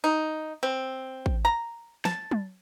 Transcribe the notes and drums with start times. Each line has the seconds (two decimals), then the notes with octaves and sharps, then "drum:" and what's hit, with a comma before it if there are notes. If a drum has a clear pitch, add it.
0.04 D#4
0.63 C4
1.26 drum: kick A1
1.45 A#5
2.05 A5, drum: snare
2.31 drum: tom